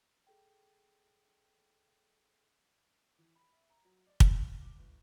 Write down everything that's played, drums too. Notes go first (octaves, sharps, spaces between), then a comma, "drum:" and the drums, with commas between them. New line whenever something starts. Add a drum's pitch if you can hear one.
G#4 A4 G5
E3
B5
E5
A#5
F#3
D5
F#3, drum: kick
F6
D6
G1